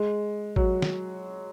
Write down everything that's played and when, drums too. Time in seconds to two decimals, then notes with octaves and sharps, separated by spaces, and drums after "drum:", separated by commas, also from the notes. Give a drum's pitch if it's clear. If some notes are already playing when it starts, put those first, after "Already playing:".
Already playing: G#3
0.56 F#3, drum: kick G#1
0.82 drum: snare